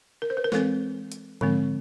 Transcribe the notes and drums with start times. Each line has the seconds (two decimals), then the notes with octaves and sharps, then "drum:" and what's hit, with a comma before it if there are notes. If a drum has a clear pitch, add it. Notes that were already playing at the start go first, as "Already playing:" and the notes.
0.22 A#4
0.30 C5
0.37 B4
0.44 A#4
0.52 E3 G#3 C4 A4, drum: snare
1.12 drum: hi-hat
1.41 D3 F3 G#3 C4, drum: tom G#2